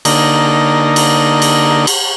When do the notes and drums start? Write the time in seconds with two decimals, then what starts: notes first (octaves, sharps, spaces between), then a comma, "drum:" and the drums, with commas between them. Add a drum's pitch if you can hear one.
0.05 D3 A#3 D#4, drum: cymbal
0.96 drum: cymbal
1.42 drum: cymbal
1.87 drum: cymbal